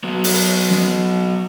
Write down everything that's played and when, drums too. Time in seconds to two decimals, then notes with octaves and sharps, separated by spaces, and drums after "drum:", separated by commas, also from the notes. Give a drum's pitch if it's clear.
0.04 F#3 B3
0.24 drum: open hi-hat
0.71 drum: snare